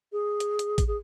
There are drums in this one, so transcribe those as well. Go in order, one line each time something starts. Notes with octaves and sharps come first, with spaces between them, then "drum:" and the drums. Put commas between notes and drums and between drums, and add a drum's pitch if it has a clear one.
G#4
drum: hi-hat
drum: hi-hat
drum: kick A1, hi-hat
G#4